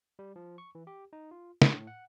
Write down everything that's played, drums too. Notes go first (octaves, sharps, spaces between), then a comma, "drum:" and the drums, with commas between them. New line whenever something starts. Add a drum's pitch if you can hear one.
G3
F3
C#6
E3
G4
D#4
F4
A2, drum: snare
F#5